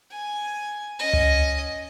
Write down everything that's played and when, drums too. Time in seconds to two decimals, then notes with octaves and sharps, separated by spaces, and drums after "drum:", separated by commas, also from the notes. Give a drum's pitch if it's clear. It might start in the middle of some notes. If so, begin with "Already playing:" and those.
0.11 G#5
0.99 C#4 D#5
1.13 drum: tom C#2